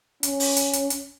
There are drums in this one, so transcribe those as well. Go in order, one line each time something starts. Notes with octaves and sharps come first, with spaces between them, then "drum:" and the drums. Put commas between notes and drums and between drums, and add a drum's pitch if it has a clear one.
C#4, drum: hi-hat
drum: open hi-hat
drum: hi-hat
drum: hi-hat
drum: hi-hat